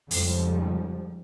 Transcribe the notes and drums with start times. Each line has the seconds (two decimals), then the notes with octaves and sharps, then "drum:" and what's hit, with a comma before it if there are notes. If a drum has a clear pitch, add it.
0.11 F2 G#2 C#3 F3 G3, drum: open hi-hat